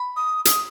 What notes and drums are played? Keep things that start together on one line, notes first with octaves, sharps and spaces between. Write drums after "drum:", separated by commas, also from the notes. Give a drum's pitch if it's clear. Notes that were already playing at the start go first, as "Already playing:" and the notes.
Already playing: B5
D#6
D#6, drum: hi-hat